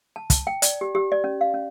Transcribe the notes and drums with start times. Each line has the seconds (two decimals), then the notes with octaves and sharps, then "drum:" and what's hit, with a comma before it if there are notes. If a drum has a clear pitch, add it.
0.16 A5
0.30 A5, drum: kick, hi-hat
0.47 G5
0.62 D5, drum: hi-hat
0.81 G4
0.95 G4
1.12 D5
1.24 C#4
1.41 F5
1.54 C#4